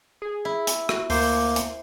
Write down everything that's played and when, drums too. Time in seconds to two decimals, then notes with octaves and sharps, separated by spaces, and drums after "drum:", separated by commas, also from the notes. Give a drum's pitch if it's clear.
0.22 G#4
0.45 E4
0.67 drum: hi-hat
0.89 F#4, drum: rim click
1.10 D2 A#3 C5, drum: open hi-hat
1.56 drum: hi-hat